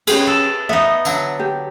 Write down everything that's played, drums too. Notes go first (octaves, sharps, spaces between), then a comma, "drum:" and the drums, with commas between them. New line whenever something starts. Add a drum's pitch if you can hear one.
C#4 G4 G#4 B4, drum: cymbal
A4
B3 D#4 E5
D3 F#3, drum: tambourine
G4